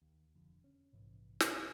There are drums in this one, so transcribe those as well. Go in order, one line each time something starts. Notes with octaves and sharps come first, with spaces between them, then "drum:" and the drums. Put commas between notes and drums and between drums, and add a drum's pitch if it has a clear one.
D#2
E1 F2 D3
C#4
A#1 G#2 C3 E3
D#1 C#3, drum: snare